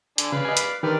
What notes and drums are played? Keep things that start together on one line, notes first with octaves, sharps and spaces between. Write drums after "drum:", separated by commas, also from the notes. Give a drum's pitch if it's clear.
D3 D4 G#5, drum: hi-hat
C#3 B4 D5 F5
D#5 G#5
B5, drum: hi-hat
D3 D#3 G4 B4 D5 F6